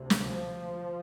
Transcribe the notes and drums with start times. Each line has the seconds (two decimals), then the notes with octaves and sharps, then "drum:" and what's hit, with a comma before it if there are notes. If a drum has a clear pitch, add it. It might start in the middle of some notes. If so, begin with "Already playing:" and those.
Already playing: D2 C3
0.10 drum: snare
0.24 F3